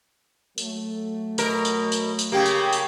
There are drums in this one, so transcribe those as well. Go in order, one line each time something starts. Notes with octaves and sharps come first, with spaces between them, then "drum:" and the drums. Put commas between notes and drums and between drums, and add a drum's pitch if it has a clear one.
F#3 A3, drum: tambourine
B2 A#4, drum: tambourine
drum: tambourine
drum: tambourine
drum: tambourine
C#3 A#3 G4
drum: tambourine
drum: tambourine